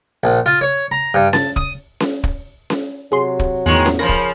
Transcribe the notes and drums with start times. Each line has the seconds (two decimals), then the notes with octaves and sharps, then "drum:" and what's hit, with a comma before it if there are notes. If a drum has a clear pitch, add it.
0.24 A#1
0.46 F4
0.61 C#5
0.92 A#5
1.14 G2
1.33 A5, drum: snare C#4
1.56 D#6, drum: kick
2.00 drum: snare C#4
2.24 drum: kick
2.70 drum: snare C#4
3.12 C3 F#3 G#4 C6
3.39 drum: kick
3.66 E2 A2 D#3 G#3 B3 C#6
3.86 drum: snare C#4
3.99 C#3 F3 A#4 B5 C6 A#6
4.09 drum: kick